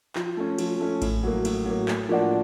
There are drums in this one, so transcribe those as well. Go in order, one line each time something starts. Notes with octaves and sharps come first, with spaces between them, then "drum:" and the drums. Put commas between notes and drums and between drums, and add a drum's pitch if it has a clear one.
F3, drum: clap
A3 C#4
F3, drum: cymbal
A3 C#4
A2, drum: kick A1, cymbal
F#3 A#3
A2, drum: cymbal
F#3 A#3
A2, drum: clap
F3 A#3 D4 F#4